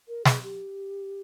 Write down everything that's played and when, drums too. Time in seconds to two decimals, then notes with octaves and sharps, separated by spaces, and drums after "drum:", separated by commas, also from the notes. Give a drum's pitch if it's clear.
0.08 A#4
0.25 G#4, drum: snare
0.42 G4